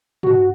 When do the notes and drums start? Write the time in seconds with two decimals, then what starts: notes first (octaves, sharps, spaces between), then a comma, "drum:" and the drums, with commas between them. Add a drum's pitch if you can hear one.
0.23 F#4, drum: tom